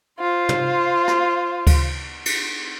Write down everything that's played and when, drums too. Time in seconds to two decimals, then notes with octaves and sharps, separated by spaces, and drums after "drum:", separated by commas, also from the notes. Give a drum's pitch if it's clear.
0.19 F4 C5
0.49 drum: tom
1.08 drum: rim click
1.67 drum: kick D2, cymbal
2.26 drum: cymbal